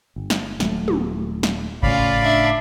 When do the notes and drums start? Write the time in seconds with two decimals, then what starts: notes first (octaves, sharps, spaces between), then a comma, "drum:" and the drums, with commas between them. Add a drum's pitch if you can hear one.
0.16 G1
0.30 drum: snare
0.60 D#1 F#3 A3, drum: snare
0.88 drum: tom
1.43 drum: snare
1.83 A2 C#3 C#4 F4 D5 F5 B5, drum: kick G1
2.22 D4 E5